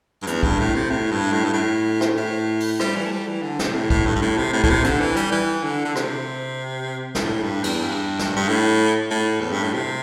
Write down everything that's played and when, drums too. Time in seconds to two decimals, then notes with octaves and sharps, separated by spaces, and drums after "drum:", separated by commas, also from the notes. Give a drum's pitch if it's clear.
0.22 G2
0.27 E2, drum: hi-hat
0.43 G2, drum: kick
0.59 A2
0.75 C3
0.90 A2
1.11 G2
1.32 A2
1.44 G2
1.53 A2
2.01 drum: rim click
2.17 A2
2.60 drum: open hi-hat
2.79 G3, drum: rim click
2.96 E3
3.06 A3
3.11 G3
3.27 E3
3.42 D3
3.59 C3, drum: snare
3.74 A2
3.90 A2, drum: kick
4.06 G2
4.16 G2
4.22 A2
4.38 C3
4.53 A2
4.64 A2, drum: kick
4.70 C3
4.84 D3, drum: hi-hat
5.00 E3
5.16 G3, drum: hi-hat
5.32 E3
5.64 D3
5.85 D3
5.96 C3, drum: rim click
7.15 G2, drum: snare
7.21 A2
7.43 G2
7.64 E2, drum: cymbal
7.84 G2
8.19 drum: snare
8.36 G2
8.48 A2
9.11 A2
9.40 E2
9.51 G2
9.63 A2
9.74 C3